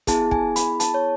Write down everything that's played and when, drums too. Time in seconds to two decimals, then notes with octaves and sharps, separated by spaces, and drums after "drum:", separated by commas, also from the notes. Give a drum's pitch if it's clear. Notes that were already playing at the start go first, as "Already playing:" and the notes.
0.07 B3 E4 G#4 A5, drum: kick, hi-hat
0.31 G#5, drum: kick
0.56 B5, drum: hi-hat
0.80 A5, drum: hi-hat
0.94 C#5